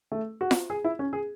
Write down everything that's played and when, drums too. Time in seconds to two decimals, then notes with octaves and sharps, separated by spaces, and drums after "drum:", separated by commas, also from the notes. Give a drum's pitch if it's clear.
0.12 A3
0.41 F#4
0.51 drum: snare F4
0.70 G#4
0.84 E4
0.99 C#4
1.13 G#4